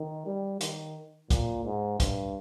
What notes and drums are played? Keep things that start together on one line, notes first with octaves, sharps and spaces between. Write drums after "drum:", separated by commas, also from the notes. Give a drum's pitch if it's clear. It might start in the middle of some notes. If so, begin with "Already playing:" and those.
Already playing: D#3
G3
D#3, drum: hi-hat
A#2, drum: kick, hi-hat
G#2
G2, drum: kick, hi-hat